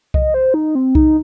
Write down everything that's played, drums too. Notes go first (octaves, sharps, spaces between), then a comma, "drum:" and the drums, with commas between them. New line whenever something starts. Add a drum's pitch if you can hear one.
D#5, drum: kick C2
C5
D#4
C4
D#4, drum: kick C2